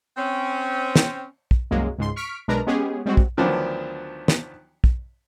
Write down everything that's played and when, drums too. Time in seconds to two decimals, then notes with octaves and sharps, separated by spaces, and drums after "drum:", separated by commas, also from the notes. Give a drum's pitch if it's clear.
0.17 C4 C#4
0.96 drum: snare
1.51 drum: kick
1.71 C2 F#2 F#3 G#3 A#3
1.98 C#2 G#2 C6
2.16 C#6 F6 B6 D7
2.48 B1 G#3 D4 A#4 B4 A#5
2.67 G#3 B3 C#4 G4 G#4
3.06 G3 G#3 C4 F#4
3.17 drum: kick
3.37 D2 D#3 F3 F#3 B3 D4
4.28 drum: snare
4.84 drum: kick